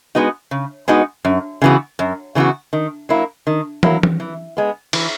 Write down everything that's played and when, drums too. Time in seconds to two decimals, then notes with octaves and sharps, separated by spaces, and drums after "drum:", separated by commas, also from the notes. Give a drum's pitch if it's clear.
0.15 G#3 B3 D#4 F#4
0.51 C#3
0.88 G#3 B3 D#4 F#4
1.25 F#2
1.62 C#3 E3 B3 F#4
1.99 F#2
2.35 C#3 E3 B3 F#4
2.73 D#3
3.09 F#3 A#3 E4
3.47 D#3
3.83 F#3 A#3 E4, drum: tom
4.03 drum: tom
4.20 E3
4.57 G#3 B3
4.93 E3, drum: cymbal